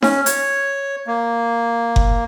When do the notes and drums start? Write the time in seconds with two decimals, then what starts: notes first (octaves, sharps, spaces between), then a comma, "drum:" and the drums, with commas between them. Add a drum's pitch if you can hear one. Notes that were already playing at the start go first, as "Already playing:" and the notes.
0.02 C#4, drum: snare D#4
0.26 C#5, drum: hi-hat
1.07 A#3
1.96 drum: kick F#1